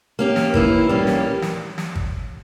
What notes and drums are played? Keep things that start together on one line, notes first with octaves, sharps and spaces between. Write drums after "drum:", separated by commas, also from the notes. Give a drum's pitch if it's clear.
A#3 C#4 G4
drum: snare
E3 A#3 E4, drum: kick G#1
G3 A#3 C#4 G4
drum: snare
drum: snare
drum: snare
drum: kick G#1